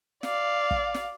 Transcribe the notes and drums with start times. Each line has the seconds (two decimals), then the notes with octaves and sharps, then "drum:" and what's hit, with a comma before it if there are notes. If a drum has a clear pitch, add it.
0.23 D5 F5, drum: snare
0.71 drum: kick
0.94 drum: snare